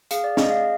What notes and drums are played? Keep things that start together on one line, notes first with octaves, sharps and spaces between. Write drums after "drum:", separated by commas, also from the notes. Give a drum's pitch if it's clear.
G#4 F5, drum: hi-hat
D5
G#4 D#5, drum: snare
F5